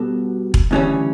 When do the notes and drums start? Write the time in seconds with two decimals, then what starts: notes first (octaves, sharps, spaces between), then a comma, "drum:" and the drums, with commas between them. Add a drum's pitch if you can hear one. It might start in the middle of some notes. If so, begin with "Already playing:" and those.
Already playing: B2 G3 B3 F#4 A4
0.54 drum: kick E1
0.71 D2 C#3 E3 G3 C#4